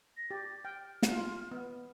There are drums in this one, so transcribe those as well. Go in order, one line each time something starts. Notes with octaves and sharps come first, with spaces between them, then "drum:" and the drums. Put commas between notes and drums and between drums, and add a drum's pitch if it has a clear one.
A#6
G4 A6
G5 F6
drum: snare
F4
B3